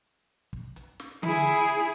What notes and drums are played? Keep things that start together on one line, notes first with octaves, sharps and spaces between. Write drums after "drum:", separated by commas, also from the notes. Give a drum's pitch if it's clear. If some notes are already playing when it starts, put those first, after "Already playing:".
drum: kick
drum: hi-hat
drum: snare
E4 G#4, drum: tom D3
drum: hi-hat
drum: hi-hat